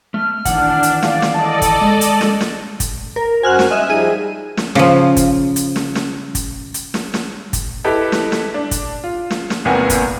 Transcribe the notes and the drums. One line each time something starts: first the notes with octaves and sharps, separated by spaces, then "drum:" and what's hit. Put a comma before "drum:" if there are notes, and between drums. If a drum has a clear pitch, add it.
A3 F6
D#3 E3 D4 F#5, drum: kick, hi-hat
drum: hi-hat
D5 F5, drum: snare
drum: snare
A4 D5 D#5 A5
drum: kick, hi-hat
G#3
drum: hi-hat
drum: snare
drum: snare
drum: kick, hi-hat
A#4
F#2 F#4 C5 G#5 F6 F#6
drum: snare
D#5 E5 G#5
F3 G3 D#4 G#4 D#7
drum: snare
C#3 F3, drum: snare
drum: kick, hi-hat
drum: hi-hat
drum: snare
drum: snare
drum: kick, hi-hat
drum: hi-hat
drum: snare
drum: snare
drum: kick, hi-hat
E4 G4 A4 B4 D#5
drum: snare
drum: snare
D4
drum: kick, hi-hat
F4
drum: snare
drum: snare
G#1 E2 C3 A#3 B3 G#5
drum: kick, hi-hat